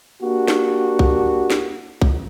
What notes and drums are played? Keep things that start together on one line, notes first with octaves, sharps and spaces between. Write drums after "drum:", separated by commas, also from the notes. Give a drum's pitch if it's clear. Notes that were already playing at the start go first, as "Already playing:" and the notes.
A#3 D4 F#4 G4
drum: snare
drum: kick
drum: snare
drum: kick